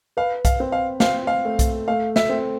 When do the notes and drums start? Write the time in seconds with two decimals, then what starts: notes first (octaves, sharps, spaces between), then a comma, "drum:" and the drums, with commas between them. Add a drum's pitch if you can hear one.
0.17 B4 F5
0.45 F5, drum: kick B1, hi-hat
0.60 C4
0.72 F5
1.00 C4 F5, drum: snare
1.27 F5
1.45 A3
1.59 drum: kick B1, hi-hat
1.88 A3 F5
2.16 E5, drum: snare
2.29 C4